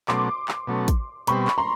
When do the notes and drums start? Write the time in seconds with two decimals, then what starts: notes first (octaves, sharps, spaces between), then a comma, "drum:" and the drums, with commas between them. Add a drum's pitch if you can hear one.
0.08 B2 F#3 A3 C#4 C6 D6, drum: clap
0.48 drum: clap
0.67 B2 F#3 A3 C#4
0.88 drum: kick, hi-hat
1.27 B2 G3 C4 B5 C#6, drum: hi-hat
1.48 drum: clap
1.58 A#5 C6